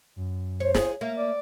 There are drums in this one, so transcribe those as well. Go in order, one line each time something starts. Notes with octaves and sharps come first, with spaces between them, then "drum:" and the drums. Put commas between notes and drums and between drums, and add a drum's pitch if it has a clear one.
F#2
C5 C#5
G#4, drum: snare
A#3 E5
D5